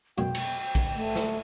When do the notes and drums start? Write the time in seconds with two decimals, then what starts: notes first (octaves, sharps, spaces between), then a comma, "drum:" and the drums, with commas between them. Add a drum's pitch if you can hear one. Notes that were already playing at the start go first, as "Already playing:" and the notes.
0.18 F#2 B2 G#3 G5
0.35 drum: cymbal
0.75 drum: kick, cymbal
0.95 A3
1.16 drum: snare